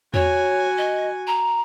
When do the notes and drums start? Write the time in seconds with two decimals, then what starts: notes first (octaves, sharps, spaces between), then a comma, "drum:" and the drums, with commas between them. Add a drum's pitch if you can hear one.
0.14 F#4 C#5 G#5, drum: tom E2
0.78 D#5
1.27 A#5